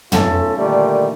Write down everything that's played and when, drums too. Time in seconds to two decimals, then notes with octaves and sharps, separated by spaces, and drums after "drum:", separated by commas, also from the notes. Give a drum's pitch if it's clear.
0.12 B1 A3 C#4 F4 A4, drum: tom
0.57 A#2 D3 D#3 G3 A3